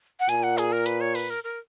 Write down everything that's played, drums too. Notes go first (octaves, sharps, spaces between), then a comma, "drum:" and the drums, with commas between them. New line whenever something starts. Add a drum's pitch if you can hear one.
F#5
A#2 G#5, drum: hi-hat
F#5
G#4, drum: hi-hat
A#4
B4, drum: hi-hat
C#5
B4, drum: open hi-hat
A#4
A#4